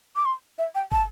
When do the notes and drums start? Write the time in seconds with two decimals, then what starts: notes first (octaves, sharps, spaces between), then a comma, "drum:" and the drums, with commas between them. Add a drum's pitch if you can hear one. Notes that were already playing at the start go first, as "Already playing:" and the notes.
0.16 D6
0.25 C6
0.58 E5
0.75 G5
0.92 A5, drum: kick